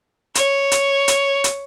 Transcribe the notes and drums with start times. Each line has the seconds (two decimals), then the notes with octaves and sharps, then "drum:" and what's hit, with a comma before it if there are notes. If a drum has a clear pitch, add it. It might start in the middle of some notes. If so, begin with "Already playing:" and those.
0.35 C#5, drum: hi-hat
0.72 drum: hi-hat
1.08 drum: hi-hat
1.44 drum: hi-hat